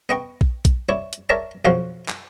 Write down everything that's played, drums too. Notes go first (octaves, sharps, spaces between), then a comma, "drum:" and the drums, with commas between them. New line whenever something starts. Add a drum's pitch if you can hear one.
B3 D#5 G5 C#6
drum: kick A#1
drum: kick A#1, hi-hat
E4 C#5 D5
drum: hi-hat
A#4 C#5 D5 E5 A5 A#5
B1 F2 F3 F#4 C#5 F5
drum: clap